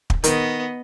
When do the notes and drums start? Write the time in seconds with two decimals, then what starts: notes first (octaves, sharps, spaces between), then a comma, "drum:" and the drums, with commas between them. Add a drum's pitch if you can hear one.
0.10 drum: kick
0.24 D#3 B3 D#5, drum: hi-hat